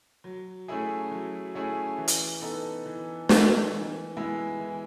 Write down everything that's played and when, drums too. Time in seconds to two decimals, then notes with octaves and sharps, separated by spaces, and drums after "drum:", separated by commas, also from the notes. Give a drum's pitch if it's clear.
0.24 F#3
0.68 A3 C#4 E4 G#4
1.12 F#3
1.55 A3 C#4 E4 G#4
1.98 E3
2.08 drum: hi-hat
2.41 B3 D#4 A4
2.86 E3
3.29 B3 D#4 A4, drum: snare
3.72 E3
4.17 G#3 B3 E4
4.60 E3